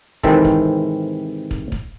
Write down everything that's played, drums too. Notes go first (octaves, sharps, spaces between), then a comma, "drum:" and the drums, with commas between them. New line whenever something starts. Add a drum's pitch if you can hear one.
G#2 C3 D#3 E3 C4 A4, drum: kick
drum: kick
drum: kick
drum: kick